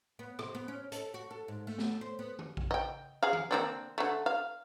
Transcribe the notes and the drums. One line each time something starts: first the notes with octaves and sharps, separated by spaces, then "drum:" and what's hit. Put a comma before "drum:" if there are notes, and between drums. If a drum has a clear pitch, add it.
B3
C3, drum: rim click
B3
C#4
A4, drum: hi-hat
F#4
A4
G#2
A3
drum: snare
C5
B3
drum: tom D#3
drum: kick A1
D#5 G5
G#4 F5
drum: tom D#3
A#3 C4 D4
D3 A3
F5